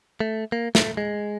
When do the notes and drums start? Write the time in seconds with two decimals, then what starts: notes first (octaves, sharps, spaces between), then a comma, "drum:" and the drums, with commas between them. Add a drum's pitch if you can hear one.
0.20 A3
0.52 A#3
0.75 A3, drum: snare
0.97 G#3